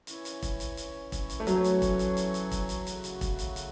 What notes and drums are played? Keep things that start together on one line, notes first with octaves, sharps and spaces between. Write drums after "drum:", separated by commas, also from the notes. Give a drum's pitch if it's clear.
E3 C#4 E4 C#5, drum: hi-hat
drum: hi-hat
drum: kick E1, hi-hat
drum: hi-hat
drum: hi-hat
drum: kick E1, hi-hat
drum: hi-hat
A3
E3 F#3 C#4 A4 C#5, drum: hi-hat
drum: hi-hat
drum: kick E1, hi-hat
drum: hi-hat
drum: hi-hat
drum: hi-hat
drum: kick E1, hi-hat
drum: hi-hat
C#3 A3 F#4, drum: hi-hat
drum: hi-hat
drum: kick E1, hi-hat
drum: hi-hat
drum: hi-hat